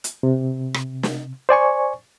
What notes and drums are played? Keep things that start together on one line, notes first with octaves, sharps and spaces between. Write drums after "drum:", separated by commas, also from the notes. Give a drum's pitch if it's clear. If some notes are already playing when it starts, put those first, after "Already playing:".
drum: hi-hat
C3
drum: rim click
drum: snare
C5 D5 G#5 C#6